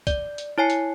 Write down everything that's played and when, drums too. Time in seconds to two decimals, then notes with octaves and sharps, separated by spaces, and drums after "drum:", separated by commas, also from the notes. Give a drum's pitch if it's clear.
0.07 D5, drum: kick, hi-hat
0.38 drum: hi-hat
0.58 E4 C#5 G#5 C7
0.70 drum: hi-hat